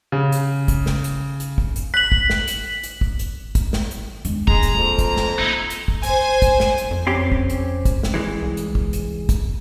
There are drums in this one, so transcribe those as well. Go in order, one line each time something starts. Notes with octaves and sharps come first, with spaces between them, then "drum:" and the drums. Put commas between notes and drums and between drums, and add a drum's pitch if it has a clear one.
C#3
drum: hi-hat
drum: kick, hi-hat
drum: snare
drum: hi-hat
drum: hi-hat
drum: kick
drum: hi-hat
F#6 B6 F#7
drum: kick
drum: snare
drum: hi-hat
drum: hi-hat
drum: kick
drum: hi-hat
drum: kick, hi-hat
drum: snare
drum: hi-hat
E2 G#3, drum: hi-hat
D#1 G#1 G#3 A#5, drum: kick
drum: hi-hat
F2 A#3
drum: kick, hi-hat
drum: snare
A#3 D#4 E4
drum: hi-hat
drum: kick
C5 G#5, drum: hi-hat
drum: kick, hi-hat
drum: snare
drum: hi-hat
F2
C4 C#4 G4
drum: kick
drum: hi-hat
drum: kick, hi-hat
drum: snare
E3 G#3
C2
drum: hi-hat
drum: kick
drum: hi-hat
drum: kick, hi-hat